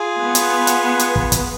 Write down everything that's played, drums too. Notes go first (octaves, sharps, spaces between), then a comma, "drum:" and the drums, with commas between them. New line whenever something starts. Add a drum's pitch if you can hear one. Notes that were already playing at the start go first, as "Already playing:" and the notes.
Already playing: F4 G#4
B3
drum: hi-hat
drum: hi-hat
drum: hi-hat
drum: kick
drum: kick, hi-hat